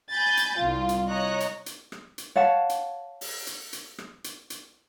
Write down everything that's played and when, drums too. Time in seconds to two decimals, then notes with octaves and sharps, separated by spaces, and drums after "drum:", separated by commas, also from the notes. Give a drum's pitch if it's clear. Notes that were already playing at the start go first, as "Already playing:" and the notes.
0.11 G#5 B5 G6 A6
0.37 drum: hi-hat
0.57 C2 F4
0.89 drum: hi-hat
1.08 C#5 D#5 A#5 F#6
1.40 drum: hi-hat
1.66 drum: hi-hat
1.92 drum: rim click
2.18 drum: hi-hat
2.36 C#5 F5 F#5 A5
2.69 drum: hi-hat
3.21 drum: open hi-hat
3.47 drum: hi-hat
3.73 drum: hi-hat
3.98 drum: rim click
4.24 drum: hi-hat
4.50 drum: hi-hat